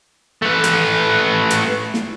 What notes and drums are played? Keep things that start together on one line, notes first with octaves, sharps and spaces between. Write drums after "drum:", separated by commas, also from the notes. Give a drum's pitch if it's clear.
A3 B4
drum: hi-hat
drum: hi-hat
drum: snare